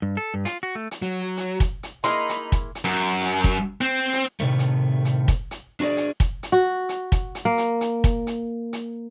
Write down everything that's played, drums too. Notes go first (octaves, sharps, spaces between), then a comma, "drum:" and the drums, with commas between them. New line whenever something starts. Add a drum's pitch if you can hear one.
G2
A4
G2
F4, drum: hi-hat
F#4
A3
drum: hi-hat
F#3
drum: hi-hat
drum: kick, hi-hat
drum: hi-hat
A#3 D#4 E4 G#4 B5 C6, drum: hi-hat
drum: hi-hat
drum: kick, hi-hat
drum: hi-hat
F#2
drum: hi-hat
drum: kick, hi-hat
C4
drum: hi-hat
A2 C3 D#3 A3
drum: hi-hat
drum: hi-hat
drum: kick, hi-hat
drum: hi-hat
D4 F#4 G#4 D5
drum: hi-hat
drum: kick, hi-hat
drum: hi-hat
F#4
drum: hi-hat
drum: kick, hi-hat
drum: hi-hat
A#3
drum: hi-hat
drum: hi-hat
drum: kick, hi-hat
drum: hi-hat
drum: hi-hat